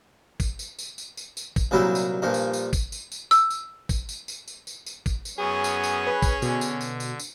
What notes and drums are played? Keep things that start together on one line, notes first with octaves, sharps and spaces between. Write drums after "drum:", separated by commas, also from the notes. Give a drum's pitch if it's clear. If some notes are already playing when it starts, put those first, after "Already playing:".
drum: kick, tambourine
drum: tambourine
drum: tambourine
drum: tambourine
drum: tambourine
drum: tambourine
drum: kick, tambourine
C2 A#2 F#3 G3 E4
drum: tambourine
G2 A#2 F3
drum: tambourine
drum: tambourine
drum: kick, tambourine
drum: tambourine
drum: tambourine
E6, drum: tambourine
drum: tambourine
drum: kick, tambourine
drum: tambourine
drum: tambourine
drum: tambourine
drum: tambourine
drum: tambourine
drum: kick, tambourine
drum: tambourine
F#2 B3 C#4 G#4 D#6
drum: tambourine
drum: tambourine
B4
drum: kick, tambourine
B2 D3, drum: tambourine
drum: tambourine
drum: tambourine
drum: tambourine
drum: tambourine